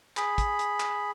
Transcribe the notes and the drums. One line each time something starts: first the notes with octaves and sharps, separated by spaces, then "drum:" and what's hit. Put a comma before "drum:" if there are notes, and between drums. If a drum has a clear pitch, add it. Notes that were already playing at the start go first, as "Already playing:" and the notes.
G#4 B5, drum: clap
drum: kick, hi-hat
drum: hi-hat
drum: clap